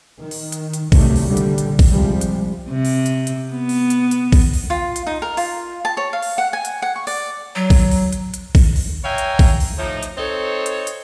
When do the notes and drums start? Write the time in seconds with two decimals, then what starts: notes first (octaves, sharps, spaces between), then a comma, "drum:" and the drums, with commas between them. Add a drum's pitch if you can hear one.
0.20 D#3
0.31 drum: open hi-hat
0.52 drum: hi-hat
0.74 drum: hi-hat
0.92 C2 C3 D#3 F#3 G3 A3, drum: kick A1, open hi-hat
1.16 drum: open hi-hat
1.26 A#2 D3 G3
1.37 drum: hi-hat
1.58 drum: hi-hat
1.79 drum: kick A1, open hi-hat
1.92 C3 F3 G3 G#3
2.21 drum: hi-hat
2.70 C3
2.85 drum: open hi-hat
3.06 drum: hi-hat
3.27 drum: hi-hat
3.51 B3
3.69 drum: open hi-hat
3.90 drum: hi-hat
4.11 drum: hi-hat
4.32 drum: kick A1, open hi-hat
4.54 drum: open hi-hat
4.70 F4
4.96 drum: hi-hat
5.07 D#4
5.22 A#4
5.37 F4, drum: open hi-hat
5.85 A5
5.97 C#5
6.13 F5
6.23 drum: open hi-hat
6.38 F#5
6.53 G#5
6.65 drum: hi-hat
6.82 F#5
6.96 C#6
7.07 D5, drum: open hi-hat
7.56 F#3
7.70 drum: kick A1, open hi-hat
7.91 drum: open hi-hat
8.13 drum: hi-hat
8.34 drum: hi-hat
8.55 drum: kick A1, open hi-hat
8.76 drum: open hi-hat
9.04 C#5 E5 F5 G5 G#5 A#5
9.18 drum: hi-hat
9.39 drum: kick A1, open hi-hat
9.60 drum: open hi-hat
9.78 A2 F3 D#4
10.03 drum: hi-hat
10.18 C4 D#4 A4 C#5
10.66 drum: hi-hat
10.87 drum: hi-hat